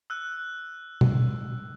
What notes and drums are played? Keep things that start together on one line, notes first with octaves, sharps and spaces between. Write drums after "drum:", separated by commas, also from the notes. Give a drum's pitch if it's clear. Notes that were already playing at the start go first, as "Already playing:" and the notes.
E6 F#6
drum: tom B2